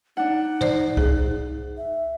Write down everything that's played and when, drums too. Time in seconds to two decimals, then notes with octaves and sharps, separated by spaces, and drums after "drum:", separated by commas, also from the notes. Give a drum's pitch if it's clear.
0.17 D4 D#4 F#5
0.61 C5 D5, drum: tom
0.97 G#4, drum: kick C2
1.77 E5